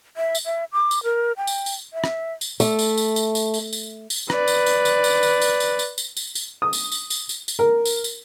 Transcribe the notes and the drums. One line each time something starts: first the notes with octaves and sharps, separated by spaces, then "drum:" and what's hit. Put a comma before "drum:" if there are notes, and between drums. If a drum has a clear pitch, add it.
E5
drum: tambourine
E5
D6
drum: tambourine
A#4
G5
drum: tambourine
drum: tambourine
E5
drum: rim click
drum: tambourine
A3, drum: tambourine
drum: tambourine
drum: tambourine
drum: tambourine
drum: tambourine
drum: tambourine
drum: tambourine
drum: tambourine
B4 D5, drum: rim click
drum: tambourine
drum: tambourine
drum: tambourine
drum: tambourine
drum: tambourine
drum: tambourine
drum: tambourine
drum: tambourine
drum: tambourine
drum: tambourine
drum: tambourine
D#6
drum: tambourine
drum: tambourine
drum: tambourine
drum: tambourine
drum: tambourine
A#4
drum: tambourine
drum: tambourine